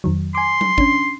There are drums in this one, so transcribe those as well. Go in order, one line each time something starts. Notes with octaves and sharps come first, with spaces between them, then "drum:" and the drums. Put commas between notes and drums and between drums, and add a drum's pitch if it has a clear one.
F2 D#3 F#3
G#5 C6 D6
drum: tom F#3
C#4 D4, drum: kick